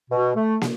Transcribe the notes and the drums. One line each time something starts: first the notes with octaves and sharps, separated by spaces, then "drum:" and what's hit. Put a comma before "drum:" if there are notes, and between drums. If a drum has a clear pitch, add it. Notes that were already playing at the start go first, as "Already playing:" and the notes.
B2
A3
drum: snare